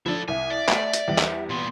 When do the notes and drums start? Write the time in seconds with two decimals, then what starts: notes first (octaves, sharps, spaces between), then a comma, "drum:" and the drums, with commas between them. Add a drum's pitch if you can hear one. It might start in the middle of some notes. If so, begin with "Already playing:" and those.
0.06 F3 D4 E4 A4
0.28 C2 E5 G#5
0.50 D5
0.69 A3, drum: clap
0.93 drum: hi-hat
1.08 E2 G3 G4
1.18 drum: clap
1.49 A#2 B3 C6